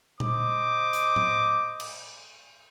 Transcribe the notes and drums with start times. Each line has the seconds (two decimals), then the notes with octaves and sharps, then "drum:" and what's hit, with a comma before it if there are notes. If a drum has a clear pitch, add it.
0.20 C5 D#5 D6, drum: tom A#2
0.93 drum: hi-hat
1.16 drum: tom A2
1.80 drum: cymbal